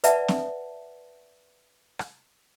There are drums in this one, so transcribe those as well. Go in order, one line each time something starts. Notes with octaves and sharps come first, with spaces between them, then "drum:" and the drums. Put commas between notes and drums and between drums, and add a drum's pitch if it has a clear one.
B4 D5 E5 F#5 A5, drum: hi-hat
drum: snare
drum: rim click